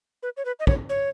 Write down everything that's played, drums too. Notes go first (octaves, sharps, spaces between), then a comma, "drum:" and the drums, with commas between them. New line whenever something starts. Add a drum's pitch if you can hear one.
B4
C#5
B4
D#5
C#5, drum: kick
C#5